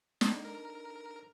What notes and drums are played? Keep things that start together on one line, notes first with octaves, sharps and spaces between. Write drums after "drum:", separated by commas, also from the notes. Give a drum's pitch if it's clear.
D4 D#4 A4, drum: snare
A#4